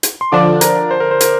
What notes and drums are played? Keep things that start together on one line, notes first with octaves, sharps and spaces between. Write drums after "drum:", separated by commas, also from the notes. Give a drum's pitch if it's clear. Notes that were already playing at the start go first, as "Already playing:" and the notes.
drum: hi-hat
C6
D3 F3 D4 D5 D6
A#4 A#5, drum: hi-hat
C5
A#4
C5
A#4, drum: hi-hat